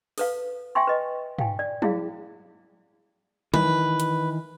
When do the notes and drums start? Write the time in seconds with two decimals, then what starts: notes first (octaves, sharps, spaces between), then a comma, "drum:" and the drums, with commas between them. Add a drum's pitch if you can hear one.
0.18 A4 B4 F5, drum: open hi-hat
0.75 E5 G5 G#5 C6 C#6
0.87 B4 D#5
1.39 F5 G5 G#5, drum: tom
1.59 D5
1.82 E4 F#4 G#4 F5, drum: tom
3.54 D#3 E3 B4, drum: tom
4.00 drum: hi-hat